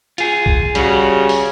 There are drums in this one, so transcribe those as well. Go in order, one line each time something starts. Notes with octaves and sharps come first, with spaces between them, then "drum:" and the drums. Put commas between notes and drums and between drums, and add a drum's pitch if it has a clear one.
F4 G#4, drum: hi-hat
drum: kick B1
C#3 G3 F#4, drum: hi-hat
drum: open hi-hat